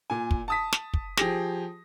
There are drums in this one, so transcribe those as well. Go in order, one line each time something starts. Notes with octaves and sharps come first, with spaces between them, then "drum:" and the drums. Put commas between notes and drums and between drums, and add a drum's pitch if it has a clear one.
A#2 G#5
drum: kick
A5 D#6 B6
drum: snare
drum: kick
F3 G4 G#4 A#6, drum: snare